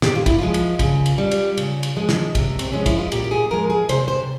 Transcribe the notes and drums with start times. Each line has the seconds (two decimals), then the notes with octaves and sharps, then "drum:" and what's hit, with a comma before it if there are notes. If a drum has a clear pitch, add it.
0.02 A#2 G4, drum: snare
0.15 F4
0.26 E4, drum: kick, cymbal
0.39 F3 G#3 F4
0.54 drum: cymbal
0.79 C#3, drum: kick, cymbal
1.06 drum: cymbal
1.18 G3
1.31 drum: cymbal
1.57 C#3, drum: cymbal
1.83 drum: cymbal
1.96 F3 G#3
2.09 drum: snare
2.35 C3, drum: kick, cymbal
2.59 C4, drum: cymbal
2.72 F3 G#3 C#4
2.86 E4, drum: kick, cymbal
2.98 F4
3.12 A#2 G4, drum: cymbal
3.24 G4
3.31 G#4
3.51 F3 G#3 A#4
3.70 G#4
3.89 C3 C5, drum: cymbal
4.08 C5